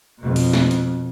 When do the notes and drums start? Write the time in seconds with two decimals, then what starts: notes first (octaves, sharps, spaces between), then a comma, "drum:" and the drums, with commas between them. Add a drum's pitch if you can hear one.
0.18 F2 B2
0.36 drum: open hi-hat
0.53 drum: snare
0.71 drum: hi-hat